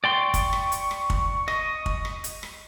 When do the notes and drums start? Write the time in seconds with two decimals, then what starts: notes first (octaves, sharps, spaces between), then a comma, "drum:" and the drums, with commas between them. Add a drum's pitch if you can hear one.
0.04 D5 G5 C6 C#6
0.34 drum: kick, hi-hat
0.53 drum: rim click
0.72 drum: hi-hat
0.91 drum: rim click
1.10 drum: kick
1.48 D#5, drum: rim click
1.86 drum: kick
2.05 drum: rim click
2.24 drum: hi-hat
2.43 drum: rim click